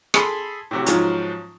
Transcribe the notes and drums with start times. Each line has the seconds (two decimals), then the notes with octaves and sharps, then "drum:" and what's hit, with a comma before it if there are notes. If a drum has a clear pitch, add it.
0.14 G#4 A4 B5 C6, drum: rim click
0.71 A2 C3 F#3
0.86 G#2 F3 F#3 C#4 F4, drum: hi-hat